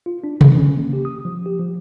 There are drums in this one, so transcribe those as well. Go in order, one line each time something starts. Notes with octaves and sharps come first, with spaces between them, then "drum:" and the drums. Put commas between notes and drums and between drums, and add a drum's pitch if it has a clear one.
F4
D4
E3, drum: tom C3
C#4
A#3
G4
D#6
F3
G4
F3